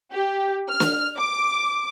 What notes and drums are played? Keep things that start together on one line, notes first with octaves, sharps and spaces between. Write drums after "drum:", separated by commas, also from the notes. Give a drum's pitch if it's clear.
G4
F6
drum: snare
D6